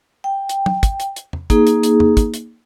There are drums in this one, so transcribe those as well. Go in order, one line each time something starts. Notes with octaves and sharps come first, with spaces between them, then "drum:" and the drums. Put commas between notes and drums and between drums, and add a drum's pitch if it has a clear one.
G5
drum: hi-hat
drum: tom
drum: kick, hi-hat
drum: hi-hat
drum: hi-hat
drum: tom E2
A#3 D#4 G#4, drum: kick, hi-hat
drum: hi-hat
drum: hi-hat
drum: tom E2
drum: kick, hi-hat
drum: hi-hat